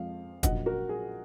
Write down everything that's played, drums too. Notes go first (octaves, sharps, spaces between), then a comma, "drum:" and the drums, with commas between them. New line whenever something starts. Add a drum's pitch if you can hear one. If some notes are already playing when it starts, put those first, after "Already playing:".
Already playing: F2 F3 G#3 F5
A#1 A#2 F#3 D#5 F#5, drum: kick, hi-hat
F#4 A#4
G#4